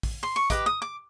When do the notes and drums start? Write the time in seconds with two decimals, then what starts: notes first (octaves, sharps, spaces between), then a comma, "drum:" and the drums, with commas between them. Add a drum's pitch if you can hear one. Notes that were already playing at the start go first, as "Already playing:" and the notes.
0.03 drum: kick, open hi-hat
0.23 C6
0.36 C#6
0.50 G4 B4 D#5 D6, drum: kick, hi-hat
0.66 D#6
0.82 D6